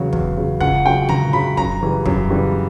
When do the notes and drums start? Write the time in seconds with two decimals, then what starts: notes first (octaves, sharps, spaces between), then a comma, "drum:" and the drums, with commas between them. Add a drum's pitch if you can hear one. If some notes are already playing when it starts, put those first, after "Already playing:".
Already playing: E2 C#3 F#3
0.13 E2, drum: kick
0.37 C#3 F#3
0.61 C#2 F#5, drum: kick
0.85 C#3 F#3 G5
1.09 C#2 A#5, drum: tom
1.33 C#3 F#3 B5
1.57 F#2 A#5, drum: kick
1.81 C#3 E3 G3
2.06 F#2, drum: kick
2.30 C#3 E3 G3